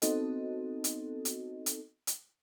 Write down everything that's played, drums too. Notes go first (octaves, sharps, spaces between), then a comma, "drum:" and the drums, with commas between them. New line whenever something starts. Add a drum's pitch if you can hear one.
B3 C4 D#4 F#4 A4 D#5, drum: hi-hat
drum: hi-hat
drum: hi-hat
drum: hi-hat
drum: hi-hat